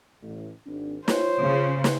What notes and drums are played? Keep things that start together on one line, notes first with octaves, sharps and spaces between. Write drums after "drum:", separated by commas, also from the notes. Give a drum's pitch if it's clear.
A1
G#1 C4 D4
F4 C5 C#5, drum: snare
C#3
drum: snare